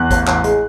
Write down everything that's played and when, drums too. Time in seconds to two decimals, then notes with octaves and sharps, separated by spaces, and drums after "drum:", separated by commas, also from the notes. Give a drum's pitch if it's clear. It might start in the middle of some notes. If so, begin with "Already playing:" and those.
Already playing: E2 F#6
0.11 A1, drum: kick, hi-hat
0.27 A1, drum: clap
0.44 G#3, drum: hi-hat